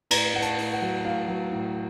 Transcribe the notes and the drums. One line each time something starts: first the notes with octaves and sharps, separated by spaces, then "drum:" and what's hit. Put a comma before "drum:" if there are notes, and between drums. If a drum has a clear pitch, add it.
A2 A#5, drum: cymbal
A2 F#5
A5, drum: hi-hat
A2, drum: open hi-hat
F#5
F#3
A2 F5
F#3
A2